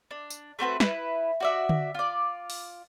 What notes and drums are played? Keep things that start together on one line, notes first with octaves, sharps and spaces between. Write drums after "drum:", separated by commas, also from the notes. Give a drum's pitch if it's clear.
D4
drum: tambourine
A3 C4 F#4 B4
E4 B4, drum: snare
F#4 D5 E5
drum: tom D3
F4 D5
drum: open hi-hat